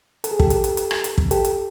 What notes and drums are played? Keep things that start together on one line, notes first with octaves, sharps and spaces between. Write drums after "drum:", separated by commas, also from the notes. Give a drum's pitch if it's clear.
A4, drum: hi-hat
G#4
G4 A4, drum: kick
drum: hi-hat
drum: hi-hat
drum: hi-hat
drum: rim click
drum: hi-hat
drum: kick
G4 A4, drum: hi-hat
drum: hi-hat